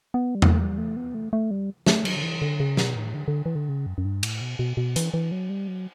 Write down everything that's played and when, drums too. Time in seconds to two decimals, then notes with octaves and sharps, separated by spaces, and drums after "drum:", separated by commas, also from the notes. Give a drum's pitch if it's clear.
0.14 B3
0.35 G3
0.42 A3, drum: tom E2
0.60 G3
0.78 A3
0.96 B3
1.14 A3
1.33 A3
1.51 G3
1.86 A3, drum: snare
2.05 F#3, drum: cymbal
2.16 D3
2.23 E3
2.42 D3
2.60 C#3
2.77 B2, drum: snare
2.96 A2
3.14 D3
3.28 D3
3.46 E3
3.55 D3
3.69 C#3
3.86 F#2
3.98 F#2
4.05 G2
4.23 A2, drum: cymbal
4.41 B2
4.59 B2
4.77 B2
4.96 E3, drum: hi-hat
5.14 E3
5.32 F#3
5.49 G3
5.68 F#3